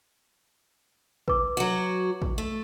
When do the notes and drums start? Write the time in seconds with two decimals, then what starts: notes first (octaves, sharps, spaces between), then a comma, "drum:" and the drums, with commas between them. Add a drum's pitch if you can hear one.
1.28 B4 D6, drum: kick
1.57 F#3 F#4
2.22 drum: kick
2.38 A3